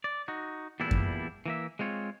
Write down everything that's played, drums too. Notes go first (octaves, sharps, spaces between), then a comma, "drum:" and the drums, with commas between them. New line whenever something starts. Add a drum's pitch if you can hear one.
D5
D#4 F#4
E2 A#2 G3 D4 E4
drum: kick F#2
E3 A#3 E5
G#3 C4 F4 C#5